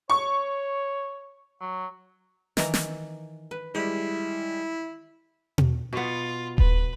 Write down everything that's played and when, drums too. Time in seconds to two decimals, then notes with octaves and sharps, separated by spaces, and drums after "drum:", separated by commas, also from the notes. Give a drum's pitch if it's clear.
0.10 C#5 C#6
1.61 F#3
2.57 D#3 E3 A#5, drum: snare
2.74 drum: snare
3.51 B4
3.75 G3 G#3 E4 G4
5.58 drum: tom B2
5.93 B2 B3 F4
6.58 B4, drum: kick D#1